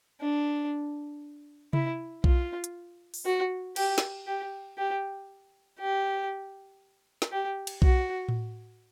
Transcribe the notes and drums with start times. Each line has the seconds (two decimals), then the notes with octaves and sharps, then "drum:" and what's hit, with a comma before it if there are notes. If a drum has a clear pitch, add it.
0.21 D4
1.73 E4, drum: tom C3
2.24 F4, drum: kick B1
2.64 drum: hi-hat
3.14 drum: open hi-hat
3.25 F#4
3.76 G4, drum: cymbal
3.98 drum: snare
4.27 G4
4.78 G4
5.79 G4
7.22 drum: snare
7.31 G4
7.67 drum: cymbal
7.82 F#4, drum: kick B1
8.29 drum: tom A2